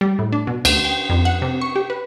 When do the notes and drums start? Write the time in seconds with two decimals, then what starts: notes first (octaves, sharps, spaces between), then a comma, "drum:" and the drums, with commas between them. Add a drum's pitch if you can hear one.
0.01 G3
0.19 A2
0.33 D4
0.47 B2
0.65 D2, drum: cymbal
0.85 G5
1.10 F2
1.25 F#5
1.42 C3
1.61 C#6
1.76 G4
1.90 B4